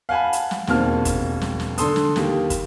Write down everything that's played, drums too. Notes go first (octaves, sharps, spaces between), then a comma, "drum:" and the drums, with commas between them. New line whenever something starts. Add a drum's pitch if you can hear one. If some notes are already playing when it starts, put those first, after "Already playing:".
F5 F#5 G#5 A5 B5
drum: hi-hat
drum: snare
E1 D#2 A#3 C4 A5 F6, drum: snare
drum: kick, hi-hat
drum: snare
drum: snare
D3 A4 C6 D#6, drum: hi-hat
drum: snare
D#2 A#3 G4, drum: snare
drum: kick, hi-hat